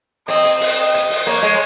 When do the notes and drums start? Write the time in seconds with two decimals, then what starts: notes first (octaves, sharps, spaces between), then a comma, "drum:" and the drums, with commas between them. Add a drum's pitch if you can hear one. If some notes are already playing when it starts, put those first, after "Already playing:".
0.28 C4 D#5, drum: hi-hat
0.45 drum: hi-hat
0.61 drum: open hi-hat
0.77 D#5
0.94 drum: hi-hat
1.10 drum: open hi-hat
1.27 A#3 C#5, drum: hi-hat
1.43 G#3, drum: hi-hat